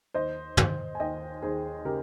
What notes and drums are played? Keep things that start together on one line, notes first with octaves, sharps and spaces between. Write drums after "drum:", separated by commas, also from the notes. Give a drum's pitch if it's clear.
D#2 C5 D#5
D#2, drum: tom
G#5
D#2 D#5 G5
D#2 G#4 C5
C#3 G4 A#4